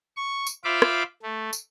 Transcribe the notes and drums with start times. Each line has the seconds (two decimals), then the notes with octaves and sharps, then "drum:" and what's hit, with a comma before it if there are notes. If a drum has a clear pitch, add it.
0.17 C#6
0.47 drum: tambourine
0.64 F4 C5 E5 F5 B5 D6
0.82 drum: rim click
1.23 A3
1.53 drum: tambourine